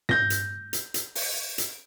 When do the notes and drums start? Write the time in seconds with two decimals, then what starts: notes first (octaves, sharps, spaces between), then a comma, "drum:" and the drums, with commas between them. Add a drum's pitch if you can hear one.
0.09 G6 A#6, drum: tom
0.30 drum: hi-hat
0.73 drum: hi-hat
0.94 drum: hi-hat
1.15 drum: open hi-hat
1.58 drum: hi-hat